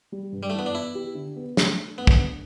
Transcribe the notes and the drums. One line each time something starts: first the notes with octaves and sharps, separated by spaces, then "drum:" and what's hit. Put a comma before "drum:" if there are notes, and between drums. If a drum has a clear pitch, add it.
G3
G2
G3
A3
E3 B3
D4
B3 E4
G4
D3
B3
A3, drum: snare
D4
A3 B3
drum: kick
D4